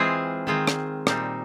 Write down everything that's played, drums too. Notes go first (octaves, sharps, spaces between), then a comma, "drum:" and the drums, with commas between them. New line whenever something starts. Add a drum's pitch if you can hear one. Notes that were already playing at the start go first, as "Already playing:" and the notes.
Already playing: E3 G#3 C4 F4 G#4
D#3 G#3 C4 F4
drum: rim click
A#2 G3 C4 D#4, drum: rim click